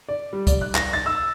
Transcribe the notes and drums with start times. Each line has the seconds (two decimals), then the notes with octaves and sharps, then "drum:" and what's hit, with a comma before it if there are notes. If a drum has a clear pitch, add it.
0.09 D5
0.33 G3
0.47 D5, drum: kick, hi-hat
0.61 F#6
0.75 A#6, drum: clap
0.93 A6
1.06 E6